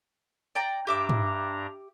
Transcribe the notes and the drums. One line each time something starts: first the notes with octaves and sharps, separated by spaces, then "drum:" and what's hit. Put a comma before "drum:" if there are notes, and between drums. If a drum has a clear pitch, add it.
D5 G5 A#5
G2 D4 G4 E5 A#5 D6
drum: tom